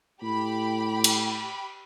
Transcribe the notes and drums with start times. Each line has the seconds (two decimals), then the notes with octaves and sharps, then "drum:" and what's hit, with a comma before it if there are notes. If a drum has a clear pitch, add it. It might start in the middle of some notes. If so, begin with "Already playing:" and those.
0.22 A2 G4 B5
1.04 drum: cymbal